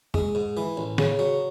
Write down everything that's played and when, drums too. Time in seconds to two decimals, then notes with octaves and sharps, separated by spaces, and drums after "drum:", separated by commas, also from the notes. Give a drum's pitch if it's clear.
0.14 G#3, drum: tom E2
0.35 G#2
0.57 E3
0.77 A1
0.98 C#3, drum: snare
1.19 F#3